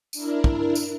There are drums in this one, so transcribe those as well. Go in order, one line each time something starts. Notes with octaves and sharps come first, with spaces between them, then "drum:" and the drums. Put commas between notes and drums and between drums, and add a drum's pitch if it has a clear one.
D4 E4 A#4, drum: tambourine
drum: kick
drum: tambourine